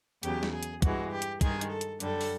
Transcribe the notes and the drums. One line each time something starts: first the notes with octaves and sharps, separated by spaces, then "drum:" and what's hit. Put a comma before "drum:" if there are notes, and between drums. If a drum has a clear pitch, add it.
E2 C#3 F#3 G4, drum: hi-hat
drum: snare
G#4
drum: hi-hat
G2 E3 G#3 F#4, drum: kick, hi-hat
G4
drum: hi-hat
G2 D#3 G#3 G#4, drum: kick, hi-hat
drum: hi-hat
A4
drum: hi-hat
F#2 D3 G3 A4, drum: hi-hat
drum: open hi-hat